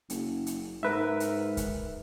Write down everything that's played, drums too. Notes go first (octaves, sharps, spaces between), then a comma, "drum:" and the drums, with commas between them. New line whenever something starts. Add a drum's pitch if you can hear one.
F#1, drum: hi-hat
drum: hi-hat
G#2 A#4 B4 E5
drum: hi-hat
drum: kick, hi-hat